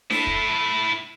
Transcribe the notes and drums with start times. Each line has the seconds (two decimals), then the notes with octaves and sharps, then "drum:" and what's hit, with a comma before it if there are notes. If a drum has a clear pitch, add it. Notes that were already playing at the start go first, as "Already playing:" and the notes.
0.10 A3 E4, drum: snare D4
0.27 drum: kick